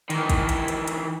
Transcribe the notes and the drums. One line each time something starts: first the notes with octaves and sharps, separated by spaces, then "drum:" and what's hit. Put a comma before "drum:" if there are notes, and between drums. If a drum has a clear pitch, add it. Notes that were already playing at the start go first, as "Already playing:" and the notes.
D#3 E3, drum: hi-hat
drum: kick, hi-hat
drum: hi-hat
drum: hi-hat
drum: hi-hat